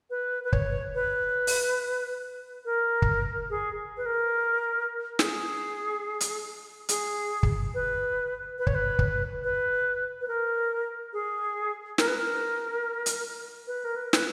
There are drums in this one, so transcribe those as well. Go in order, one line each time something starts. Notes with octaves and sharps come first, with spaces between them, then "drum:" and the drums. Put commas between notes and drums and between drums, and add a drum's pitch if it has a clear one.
B4
B4
C#5, drum: kick
B4
drum: open hi-hat
A#4
drum: kick
G#4
B4
A#4
G#4, drum: snare
drum: hi-hat
G#4, drum: hi-hat
drum: kick
B4
B4
C#5, drum: kick
B4
drum: kick
B4
B4
A#4
G#4
A#4, drum: snare
B4
A#4
drum: hi-hat
B4
A#4
B4
B4, drum: snare